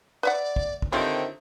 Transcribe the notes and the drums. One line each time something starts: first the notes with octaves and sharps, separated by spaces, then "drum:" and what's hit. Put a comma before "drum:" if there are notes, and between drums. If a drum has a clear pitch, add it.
B4 D5 E5 F#5
drum: kick
drum: kick
D3 D#3 C4 F4 G4 C#5 E5